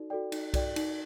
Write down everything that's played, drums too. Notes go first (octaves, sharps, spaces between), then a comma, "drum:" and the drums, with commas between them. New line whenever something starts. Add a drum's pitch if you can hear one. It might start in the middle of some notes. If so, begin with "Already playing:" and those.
Already playing: D#4 F#4 A4 D5
F#4 A4 D5 G5
D#4, drum: cymbal
F#4 A4 D5 G5, drum: kick B1, cymbal
D#4, drum: cymbal